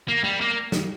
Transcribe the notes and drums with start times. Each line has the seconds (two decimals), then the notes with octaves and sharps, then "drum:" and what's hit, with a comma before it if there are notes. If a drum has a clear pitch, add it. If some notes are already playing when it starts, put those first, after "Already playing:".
0.08 A#3
0.24 G3
0.41 A#3
0.72 drum: snare